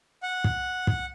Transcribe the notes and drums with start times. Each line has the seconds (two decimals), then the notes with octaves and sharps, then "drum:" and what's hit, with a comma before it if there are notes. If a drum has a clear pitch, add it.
0.23 F#5
0.44 drum: kick
0.87 drum: kick